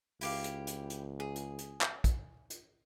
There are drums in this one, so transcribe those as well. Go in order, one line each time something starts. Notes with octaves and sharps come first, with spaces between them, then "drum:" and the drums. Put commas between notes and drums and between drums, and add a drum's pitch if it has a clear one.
C#2 E4 G4 F5, drum: open hi-hat
drum: hi-hat
drum: hi-hat
drum: hi-hat
G#4
drum: hi-hat
drum: hi-hat
drum: clap
drum: kick, hi-hat
drum: hi-hat